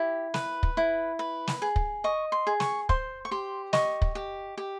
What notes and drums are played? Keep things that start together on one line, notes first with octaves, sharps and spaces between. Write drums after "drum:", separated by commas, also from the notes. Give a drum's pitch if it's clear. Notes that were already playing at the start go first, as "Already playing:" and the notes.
Already playing: E4 G4
B4, drum: snare
drum: kick
E4
B4
drum: snare
G#4
drum: kick
D#5 C#6
C6
G#4
C#6, drum: snare
C5 C6, drum: kick
C#6
G4 C6
D#5 C#6, drum: snare
drum: kick
G4
G4